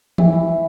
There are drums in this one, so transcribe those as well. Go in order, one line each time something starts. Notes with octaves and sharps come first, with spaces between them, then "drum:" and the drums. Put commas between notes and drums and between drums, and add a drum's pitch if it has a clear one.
E3 E4, drum: tom E3